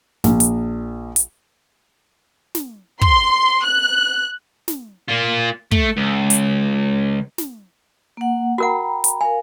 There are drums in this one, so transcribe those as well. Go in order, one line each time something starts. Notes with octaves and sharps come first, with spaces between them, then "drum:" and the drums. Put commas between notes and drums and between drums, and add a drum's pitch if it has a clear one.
A#1, drum: snare
drum: hi-hat
drum: hi-hat
drum: snare
C6, drum: kick
F#6
drum: snare
A#3 F4
A3, drum: kick
C#2
drum: hi-hat
drum: snare
A#3 F#5
F#4 A#4 F#5 G5 A#5 B5
drum: hi-hat
A#4 F5 G#5